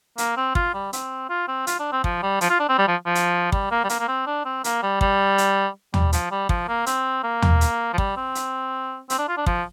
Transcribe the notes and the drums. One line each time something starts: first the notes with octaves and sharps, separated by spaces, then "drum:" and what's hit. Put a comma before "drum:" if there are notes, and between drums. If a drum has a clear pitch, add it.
A#3, drum: hi-hat
C4
F4, drum: kick
G3
C4, drum: hi-hat
F4
C4
F4, drum: hi-hat
D4
C4
F3, drum: kick
G3
F3, drum: hi-hat
F4
D4
C4
G3
F3
F3
drum: hi-hat
G3, drum: kick
A#3
G3
A#3, drum: hi-hat
A#3
C4
D4
C4
A#3, drum: hi-hat
G3
G3, drum: kick
drum: hi-hat
G3, drum: tom
F3, drum: hi-hat
G3
F3, drum: kick
A#3
C4, drum: hi-hat
A#3
drum: tom
drum: hi-hat
F3
G3, drum: kick
C4
drum: hi-hat
C4, drum: hi-hat
D4
F4
D4
F3, drum: kick